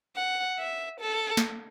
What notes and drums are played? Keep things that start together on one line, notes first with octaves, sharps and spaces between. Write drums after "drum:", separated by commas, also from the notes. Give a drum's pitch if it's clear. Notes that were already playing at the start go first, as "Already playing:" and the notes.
F#5
E5
A4
drum: snare